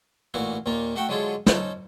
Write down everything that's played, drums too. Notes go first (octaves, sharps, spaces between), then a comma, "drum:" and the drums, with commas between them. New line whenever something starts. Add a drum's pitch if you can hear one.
A1 A#2 E3 E4 F#4 F5
D#2 A#2 A#3 F4 A#5
A3 F#4 E5 F#5 G5
D3 F#3 G#3 F4 G#4 A4
C#4 D#4 A4 C5, drum: snare